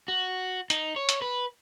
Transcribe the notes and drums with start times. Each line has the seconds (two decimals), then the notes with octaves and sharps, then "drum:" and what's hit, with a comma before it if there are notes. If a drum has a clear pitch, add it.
0.08 F#4
0.70 D#4, drum: hi-hat
0.96 C#5
1.09 drum: hi-hat
1.22 B4